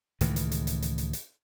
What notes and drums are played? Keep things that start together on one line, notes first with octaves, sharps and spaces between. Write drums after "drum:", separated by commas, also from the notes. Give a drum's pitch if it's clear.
C#2 A2 D#3 E3, drum: hi-hat
drum: hi-hat
drum: hi-hat
drum: hi-hat
drum: hi-hat
drum: hi-hat
drum: hi-hat